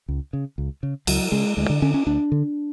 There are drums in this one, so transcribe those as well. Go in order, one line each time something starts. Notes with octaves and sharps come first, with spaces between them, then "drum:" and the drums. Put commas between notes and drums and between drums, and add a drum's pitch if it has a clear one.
C#2
C#3
C#2
C#3
C#2 F#3, drum: cymbal
C#3 G#3
D2 G#3
D3
D3 C#4
C#4
D2 D4
D3